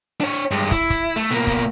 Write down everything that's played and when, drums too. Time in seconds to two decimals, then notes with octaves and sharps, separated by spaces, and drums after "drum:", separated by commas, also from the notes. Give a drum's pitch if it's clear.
0.21 D4 C#5
0.33 drum: hi-hat
0.51 G2 G#3, drum: hi-hat
0.71 E4, drum: kick, hi-hat
0.90 drum: kick, hi-hat
1.16 A3
1.31 B2 A#3, drum: hi-hat
1.47 drum: kick, hi-hat